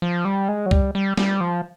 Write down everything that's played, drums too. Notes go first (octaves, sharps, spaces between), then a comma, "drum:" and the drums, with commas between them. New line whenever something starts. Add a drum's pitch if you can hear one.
F3
G3
G#3
F#3
G3, drum: kick C2
G3
G3, drum: snare
F3